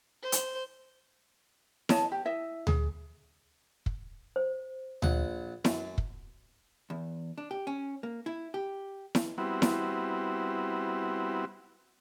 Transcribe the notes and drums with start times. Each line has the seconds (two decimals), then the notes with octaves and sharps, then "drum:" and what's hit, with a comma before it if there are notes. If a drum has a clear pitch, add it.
0.23 C5
0.32 drum: hi-hat
1.89 C#5 D#5 A5, drum: snare E4
2.12 G4
2.25 E4 D#5 E5
2.67 G#4, drum: tom D2
3.86 drum: kick
4.36 C5
5.02 A#1 F#5, drum: tom D2
5.65 F#2, drum: snare E4
5.98 drum: kick
6.90 E2
7.38 D4
7.51 G4
7.67 C#4
8.03 A#3
8.26 E4
8.54 G4
9.15 drum: snare E4
9.38 G3 B3 C4 E4 F#4
9.62 drum: snare E4